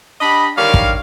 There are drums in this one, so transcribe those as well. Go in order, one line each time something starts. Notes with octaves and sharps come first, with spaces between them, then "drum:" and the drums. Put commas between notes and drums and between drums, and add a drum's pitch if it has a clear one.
D4 G4 D#5 B5
D3 D#3 G3 A#4 C#5 F5
drum: kick